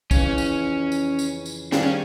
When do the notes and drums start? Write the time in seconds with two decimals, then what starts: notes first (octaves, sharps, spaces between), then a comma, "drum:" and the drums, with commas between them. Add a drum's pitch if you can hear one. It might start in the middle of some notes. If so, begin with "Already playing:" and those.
0.11 F2 C#3 E3 C#4, drum: kick, tambourine
0.38 drum: tambourine
0.92 drum: tambourine
1.19 drum: tambourine
1.46 drum: tambourine
1.72 D#3 G3 C4 D4 F4 G#4, drum: snare
1.82 C#4